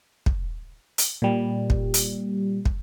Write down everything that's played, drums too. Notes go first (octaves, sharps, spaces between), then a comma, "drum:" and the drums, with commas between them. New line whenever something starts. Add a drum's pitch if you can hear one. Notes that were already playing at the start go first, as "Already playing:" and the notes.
drum: kick
drum: hi-hat
A#2 G3
drum: kick
drum: hi-hat
drum: kick